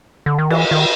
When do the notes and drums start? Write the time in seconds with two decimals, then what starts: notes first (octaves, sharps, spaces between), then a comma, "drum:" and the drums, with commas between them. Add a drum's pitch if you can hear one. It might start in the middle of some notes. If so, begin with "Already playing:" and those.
0.26 D3
0.38 D#3
0.50 E3, drum: cymbal
0.71 D#3